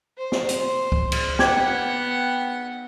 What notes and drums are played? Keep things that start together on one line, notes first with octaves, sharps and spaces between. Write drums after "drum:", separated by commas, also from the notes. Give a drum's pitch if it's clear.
C5
drum: snare
drum: hi-hat
drum: kick C#2
drum: cymbal
B3 F#5 G5 D6 G#6, drum: snare